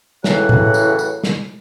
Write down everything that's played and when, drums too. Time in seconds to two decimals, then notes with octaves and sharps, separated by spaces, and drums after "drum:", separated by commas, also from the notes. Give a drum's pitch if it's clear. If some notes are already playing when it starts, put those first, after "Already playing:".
0.24 A2 C#3 E3 F#3 F#5, drum: snare
0.49 drum: tom A2
0.74 drum: tambourine
0.99 drum: tambourine
1.24 drum: snare